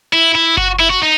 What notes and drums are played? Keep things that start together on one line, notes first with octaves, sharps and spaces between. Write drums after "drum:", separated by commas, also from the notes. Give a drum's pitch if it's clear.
E4
E4
F#4, drum: kick F#1
E4
F#4
D#4